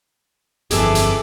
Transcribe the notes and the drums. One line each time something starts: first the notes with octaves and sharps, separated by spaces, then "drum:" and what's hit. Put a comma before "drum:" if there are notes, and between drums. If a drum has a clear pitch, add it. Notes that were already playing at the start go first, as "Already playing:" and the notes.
G1 F2 E3 G#4 A4 E5 D6, drum: hi-hat
drum: hi-hat